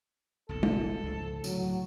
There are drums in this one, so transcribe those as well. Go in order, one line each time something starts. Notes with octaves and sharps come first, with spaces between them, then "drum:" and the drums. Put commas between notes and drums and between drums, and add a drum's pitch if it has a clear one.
F#1 B1 F2 A4
drum: tom
C#2 G#2 F3
D2 A2 C#3 F#3, drum: tambourine